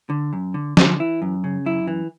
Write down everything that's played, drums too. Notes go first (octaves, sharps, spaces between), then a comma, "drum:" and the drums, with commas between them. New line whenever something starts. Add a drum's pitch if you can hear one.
D3
F#2
D3
D3, drum: snare
E3 E4
F#2
C#3
F#2 E4
E3